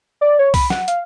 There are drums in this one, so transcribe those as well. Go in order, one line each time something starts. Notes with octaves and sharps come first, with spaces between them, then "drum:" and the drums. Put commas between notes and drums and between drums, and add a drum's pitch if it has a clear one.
D5
C#5
B5, drum: kick C2, open hi-hat
F#5, drum: snare
F5, drum: hi-hat